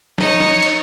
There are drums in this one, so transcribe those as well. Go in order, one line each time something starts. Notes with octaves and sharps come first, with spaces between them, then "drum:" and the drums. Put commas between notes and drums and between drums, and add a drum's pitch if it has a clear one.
D#4 C#5, drum: snare
drum: snare
drum: cymbal